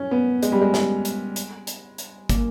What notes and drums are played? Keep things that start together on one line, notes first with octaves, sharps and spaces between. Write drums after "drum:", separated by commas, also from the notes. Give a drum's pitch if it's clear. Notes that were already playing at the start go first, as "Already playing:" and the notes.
Already playing: C#4
B3
G#3, drum: hi-hat
G3
G#3
drum: snare
drum: hi-hat
drum: hi-hat
drum: hi-hat
drum: hi-hat
A#3, drum: kick, hi-hat